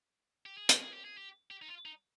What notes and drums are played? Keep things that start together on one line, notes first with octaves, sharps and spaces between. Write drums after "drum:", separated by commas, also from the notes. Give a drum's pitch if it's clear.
G4
G#4
G4, drum: hi-hat
G#4
G4
G#4
G4
G4
D#4
F4
D#4